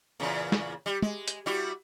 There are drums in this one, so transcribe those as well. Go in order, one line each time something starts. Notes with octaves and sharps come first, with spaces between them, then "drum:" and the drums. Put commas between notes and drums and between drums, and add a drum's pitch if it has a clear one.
E2 A#2 C#3
drum: snare
G3
G#3, drum: tom
drum: hi-hat
G3 E4 F#4